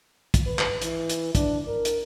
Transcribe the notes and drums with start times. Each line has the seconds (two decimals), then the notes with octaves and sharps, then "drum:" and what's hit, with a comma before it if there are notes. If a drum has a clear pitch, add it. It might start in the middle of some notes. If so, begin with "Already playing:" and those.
0.34 drum: kick, hi-hat
0.46 B4
0.59 drum: clap
0.82 E3, drum: hi-hat
1.10 drum: hi-hat
1.35 D4, drum: kick, hi-hat
1.67 A#4
1.85 drum: hi-hat